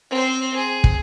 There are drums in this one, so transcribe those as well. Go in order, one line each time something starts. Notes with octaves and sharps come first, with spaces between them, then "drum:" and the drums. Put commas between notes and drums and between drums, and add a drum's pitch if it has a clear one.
C4 C5
G#4
drum: kick